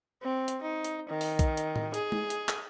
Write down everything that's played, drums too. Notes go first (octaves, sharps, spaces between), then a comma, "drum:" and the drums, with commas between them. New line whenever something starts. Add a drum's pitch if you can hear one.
C4
drum: hi-hat
D#4
drum: hi-hat
D#3
drum: open hi-hat
drum: kick B1, hi-hat
drum: hi-hat
drum: tom A2
G#4, drum: hi-hat
drum: tom
drum: hi-hat
drum: clap